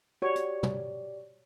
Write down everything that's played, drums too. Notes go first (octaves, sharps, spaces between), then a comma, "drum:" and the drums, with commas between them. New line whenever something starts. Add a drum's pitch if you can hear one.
F#4 G4 C#5 D5
drum: hi-hat
drum: tom